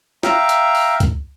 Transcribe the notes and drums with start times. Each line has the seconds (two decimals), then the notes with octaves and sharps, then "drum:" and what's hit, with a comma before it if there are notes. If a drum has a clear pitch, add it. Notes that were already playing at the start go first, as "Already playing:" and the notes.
0.23 E5 F5 G5 A#5, drum: snare
0.49 drum: hi-hat
0.75 drum: open hi-hat
1.00 drum: kick, hi-hat